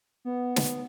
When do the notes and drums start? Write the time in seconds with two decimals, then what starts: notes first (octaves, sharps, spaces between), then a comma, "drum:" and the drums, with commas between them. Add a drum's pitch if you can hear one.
0.25 B3
0.56 drum: snare